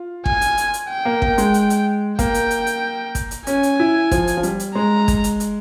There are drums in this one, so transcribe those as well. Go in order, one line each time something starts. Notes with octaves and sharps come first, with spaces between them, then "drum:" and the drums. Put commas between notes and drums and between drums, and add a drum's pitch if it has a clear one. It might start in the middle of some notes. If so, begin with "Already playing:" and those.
Already playing: F4
G#5, drum: kick
drum: hi-hat
drum: hi-hat
drum: hi-hat
G5
A#3
A#3, drum: kick
G#3, drum: hi-hat
drum: hi-hat
drum: hi-hat
A#3 G5, drum: kick, hi-hat
drum: hi-hat
drum: hi-hat
drum: hi-hat
drum: kick, hi-hat
drum: hi-hat
C#4 G#5, drum: hi-hat
drum: hi-hat
E4
F3, drum: kick, hi-hat
drum: hi-hat
F3
G3, drum: hi-hat
drum: hi-hat
G#3 A#5
drum: kick, hi-hat
drum: hi-hat
drum: hi-hat